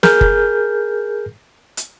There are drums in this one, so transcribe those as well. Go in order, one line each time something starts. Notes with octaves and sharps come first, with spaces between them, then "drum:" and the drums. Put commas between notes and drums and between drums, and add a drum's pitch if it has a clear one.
G#4 A#4 F6 G6, drum: snare
drum: kick F#1
drum: hi-hat